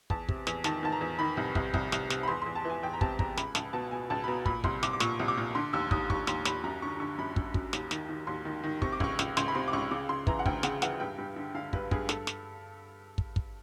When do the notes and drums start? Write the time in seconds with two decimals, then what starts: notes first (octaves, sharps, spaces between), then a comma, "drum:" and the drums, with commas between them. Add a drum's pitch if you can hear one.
0.10 E2 A5, drum: kick
0.29 C3, drum: kick
0.47 E2, drum: snare
0.64 D#3 A5, drum: snare
0.83 D#3 A5
0.92 A#5
1.01 E2
1.19 D#3 B5
1.37 C2
1.55 C2, drum: kick
1.74 C2, drum: kick
1.92 C2, drum: snare
2.10 C3, drum: snare
2.23 B5
2.28 E2 C6
2.42 E2 C6
2.55 A5
2.65 E3 G#5
2.83 E2 G5
2.93 A#5
3.01 C3 A5, drum: kick
3.19 E2 A#5, drum: kick
3.37 C#2 B5, drum: snare
3.55 C#2 A5, drum: snare
3.73 B2 A5
3.91 B2 G#5
4.10 C#2 A5
4.24 B5
4.28 B2 A#5
4.46 A#2 B5, drum: kick
4.64 C2 C6, drum: kick
4.83 C2 D6, drum: snare
4.93 D6
5.00 A#2 C#6, drum: snare
5.19 C2
5.28 D6
5.37 A#2
5.55 D3 C6
5.73 D#2 E6
5.91 D#2 D#6, drum: kick
6.10 D#2 C#6, drum: kick
6.27 D#2 C6, drum: snare
6.45 D#2 B5, drum: snare
6.64 F#2 A#5
6.82 D3 C#6
7.00 D3 C#6
7.18 F#2 B5
7.36 F#2, drum: kick
7.54 F#2, drum: kick
7.73 D#2, drum: snare
7.91 D#3, drum: snare
8.09 D#3
8.27 D#2 C6
8.45 D#3
8.64 D#3
8.82 C3 C#6, drum: kick
8.92 D6
9.00 C#2 C#6, drum: kick
9.19 C#2, drum: snare
9.37 C#2 C6, drum: snare
9.48 B5
9.55 C3 C6
9.68 D6
9.73 C#2 C#6
9.91 C#3 D6
10.09 C#3 C6
10.27 E3 A#5, drum: kick
10.39 F#5
10.46 D2 G5, drum: kick
10.63 C#3 F#5, drum: snare
10.82 E3 F#5, drum: snare
11.00 G2 G5
11.18 G2
11.36 D3
11.54 D3 F5
11.73 G2 B4, drum: kick
11.91 G2 G#4, drum: kick
12.09 G2 A4, drum: snare
12.27 drum: snare
13.18 drum: kick
13.36 drum: kick